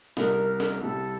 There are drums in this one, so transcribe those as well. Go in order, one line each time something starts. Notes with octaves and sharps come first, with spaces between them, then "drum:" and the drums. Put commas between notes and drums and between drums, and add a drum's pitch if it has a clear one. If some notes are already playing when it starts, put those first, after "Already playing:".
C2 C3 G3 A#4, drum: snare
drum: snare
C2 C3 G3 A4